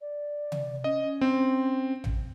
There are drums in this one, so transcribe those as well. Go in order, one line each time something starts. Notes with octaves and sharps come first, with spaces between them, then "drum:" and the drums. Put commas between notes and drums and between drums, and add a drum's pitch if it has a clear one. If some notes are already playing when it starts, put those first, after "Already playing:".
D5
drum: tom C3
C#4 D#5
C4
drum: tom A1